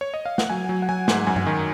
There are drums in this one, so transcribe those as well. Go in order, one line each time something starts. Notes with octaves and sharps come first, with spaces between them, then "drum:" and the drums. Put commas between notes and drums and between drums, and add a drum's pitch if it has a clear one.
C#5
D#5
F5
F#5, drum: snare
F#3 G#5
F#3
F#5
F#3 G#5
G#2, drum: snare
F#2 G#5
drum: tom G2
D#3